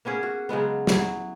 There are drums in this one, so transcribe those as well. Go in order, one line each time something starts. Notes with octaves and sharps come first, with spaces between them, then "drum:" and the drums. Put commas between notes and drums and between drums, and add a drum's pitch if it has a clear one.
A#3 B3 C#4 G#4
F#4
C#3 F#3 G#3 B3
F#3 B3 E4, drum: snare